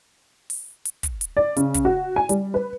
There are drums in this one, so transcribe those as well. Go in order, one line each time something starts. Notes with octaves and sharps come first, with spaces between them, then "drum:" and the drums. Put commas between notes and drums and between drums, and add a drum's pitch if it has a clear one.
drum: open hi-hat
drum: hi-hat
drum: kick, hi-hat
drum: hi-hat
D5
C#3, drum: hi-hat
drum: kick, hi-hat
F#4
G#5
G3, drum: hi-hat
B4